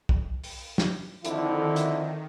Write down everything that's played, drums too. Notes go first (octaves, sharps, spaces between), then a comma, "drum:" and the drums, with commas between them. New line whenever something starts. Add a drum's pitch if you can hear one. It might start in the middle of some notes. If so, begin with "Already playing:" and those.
drum: kick B1
drum: open hi-hat
drum: snare
F2 D3 D#3 E4, drum: hi-hat
drum: hi-hat